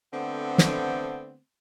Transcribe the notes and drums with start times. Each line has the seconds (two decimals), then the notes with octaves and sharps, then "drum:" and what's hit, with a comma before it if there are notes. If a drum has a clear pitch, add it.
0.12 D3 A3 B3 C4
0.58 drum: snare